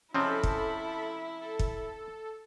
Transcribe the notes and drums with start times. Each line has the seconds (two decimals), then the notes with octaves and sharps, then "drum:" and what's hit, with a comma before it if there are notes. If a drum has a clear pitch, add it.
0.14 C3 F3 C4 C#4 E4 A4 B5
0.43 drum: kick
1.40 A4
1.59 drum: kick